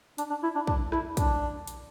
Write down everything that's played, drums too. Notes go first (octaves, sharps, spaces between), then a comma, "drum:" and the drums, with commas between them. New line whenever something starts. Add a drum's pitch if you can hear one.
D4, drum: hi-hat
D4
E4
D4
D4, drum: kick
E4, drum: rim click
D4, drum: kick, hi-hat
drum: hi-hat